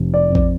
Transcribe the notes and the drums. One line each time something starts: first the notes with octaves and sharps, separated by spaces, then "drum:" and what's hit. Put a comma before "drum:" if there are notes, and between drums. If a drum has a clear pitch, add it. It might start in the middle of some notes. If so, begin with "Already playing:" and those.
Already playing: F1
D5
F2
D5, drum: kick A1